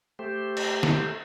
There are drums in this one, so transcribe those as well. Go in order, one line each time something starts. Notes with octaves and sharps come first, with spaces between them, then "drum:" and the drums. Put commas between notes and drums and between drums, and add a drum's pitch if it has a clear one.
A3 G4 C5
drum: cymbal
drum: snare